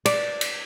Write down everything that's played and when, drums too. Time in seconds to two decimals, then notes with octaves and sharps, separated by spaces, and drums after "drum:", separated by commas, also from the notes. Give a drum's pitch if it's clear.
0.06 D5, drum: cymbal
0.41 drum: cymbal